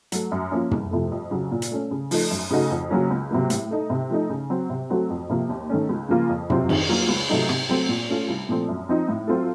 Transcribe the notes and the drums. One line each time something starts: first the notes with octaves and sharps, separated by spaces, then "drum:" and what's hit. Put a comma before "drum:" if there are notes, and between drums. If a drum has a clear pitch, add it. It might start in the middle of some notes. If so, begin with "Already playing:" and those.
F#3 A3, drum: hi-hat
F#2
F3 A#3 C#4
C2, drum: tom
C3 F3 A3
F2
C#3 F#3
A#2
drum: hi-hat
A3 C#4
C#3
F3 A3 D#4, drum: open hi-hat
F#2
C#3 A3 D#4 F#4
F2
C#3 F#3 A#3 C#4
C#2
C3 F#3 A#3
A2, drum: hi-hat
A3 D#4
C3
F3 A3 D#4
C#3
F#3 C4
C3
F#3 A3 C4 F#4
F2
C3 F3 A#3
D#2
D#3 A3 C#4
C#2
C#3 F3 A#3 F4
F2
C3 F#3 C4 F4, drum: tom
D#3, drum: cymbal
F#3 A#3 F4
C#2
C3 F#3 A3 D#4
C3, drum: rim click
F#3 A3 C4
A#2
A3 C#4 F4
C2
A#2 F3 A3 C4
F#2
F3 C4 D#4
A2
F#3 C4 F4 A4